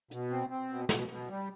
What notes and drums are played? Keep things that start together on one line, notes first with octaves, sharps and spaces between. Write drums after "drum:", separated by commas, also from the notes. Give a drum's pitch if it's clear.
B2, drum: hi-hat
C4
C4
B2
B2, drum: snare
B2
G3